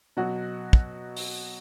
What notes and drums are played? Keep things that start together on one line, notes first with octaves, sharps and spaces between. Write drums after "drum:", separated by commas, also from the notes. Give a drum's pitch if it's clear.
B2 F#3 F#4
drum: kick
drum: open hi-hat